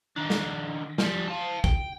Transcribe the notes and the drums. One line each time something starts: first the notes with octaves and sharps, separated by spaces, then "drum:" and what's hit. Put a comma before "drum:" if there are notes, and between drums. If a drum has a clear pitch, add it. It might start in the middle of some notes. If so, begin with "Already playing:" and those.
D#3 D4
drum: snare
F3 G3, drum: snare
F5 A5
G5, drum: kick